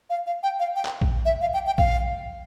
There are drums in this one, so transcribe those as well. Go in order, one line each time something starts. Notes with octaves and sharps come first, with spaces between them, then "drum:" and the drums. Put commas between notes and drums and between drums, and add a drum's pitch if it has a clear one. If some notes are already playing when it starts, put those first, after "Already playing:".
F5
F5
G5
F5
G5
drum: clap
drum: kick A#1
E5
F5
G5
G5
F5, drum: kick A#1